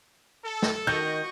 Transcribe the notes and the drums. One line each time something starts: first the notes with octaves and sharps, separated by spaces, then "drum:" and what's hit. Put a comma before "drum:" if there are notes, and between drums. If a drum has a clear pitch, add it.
A4
drum: snare
D#3 F#4 D#5 C#6 G6